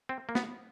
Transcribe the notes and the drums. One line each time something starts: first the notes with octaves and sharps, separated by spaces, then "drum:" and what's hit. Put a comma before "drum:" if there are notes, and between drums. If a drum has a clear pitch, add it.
C4
A#3
B3, drum: snare